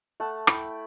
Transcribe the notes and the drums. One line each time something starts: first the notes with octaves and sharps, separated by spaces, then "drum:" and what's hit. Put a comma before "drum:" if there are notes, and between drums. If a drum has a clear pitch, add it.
A3 F#5 A5
E4 G5 B5, drum: rim click